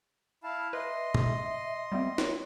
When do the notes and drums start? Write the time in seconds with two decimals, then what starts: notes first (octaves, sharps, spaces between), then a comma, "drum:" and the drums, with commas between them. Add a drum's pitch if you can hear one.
0.43 E4 F5 A5
0.73 B4 D#5 E5 C6
1.15 drum: tom
1.92 G3 B3 C4 E5
2.18 C#5, drum: snare